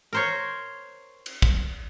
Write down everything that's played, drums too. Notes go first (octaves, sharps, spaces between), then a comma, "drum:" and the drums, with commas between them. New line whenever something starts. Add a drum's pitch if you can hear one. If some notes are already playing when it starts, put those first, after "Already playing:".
A#4 C5 C#5
drum: cymbal
drum: kick